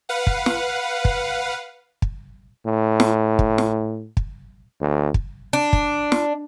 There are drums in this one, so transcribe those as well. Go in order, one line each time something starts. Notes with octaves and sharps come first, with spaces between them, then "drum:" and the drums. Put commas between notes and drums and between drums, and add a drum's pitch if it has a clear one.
B4 F5 F#5
drum: kick
drum: snare
drum: kick
drum: kick
A2
drum: snare
drum: kick
drum: snare
drum: kick
D2
drum: kick
D4
drum: kick
drum: snare